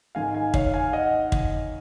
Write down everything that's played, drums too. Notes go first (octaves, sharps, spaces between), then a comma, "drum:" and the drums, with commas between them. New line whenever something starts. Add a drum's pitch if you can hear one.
G#2 D#3 G#3 F5 G#5
F5 G#5
C#5 F5, drum: kick
F5 G#5
D#5 F#5
drum: kick